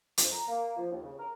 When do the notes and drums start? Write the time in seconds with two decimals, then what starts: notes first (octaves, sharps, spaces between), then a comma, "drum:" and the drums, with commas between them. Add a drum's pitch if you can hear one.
0.18 F2, drum: hi-hat
0.31 A#5
0.48 A#3
0.76 F3
0.90 D#2
1.03 C#3
1.18 A#4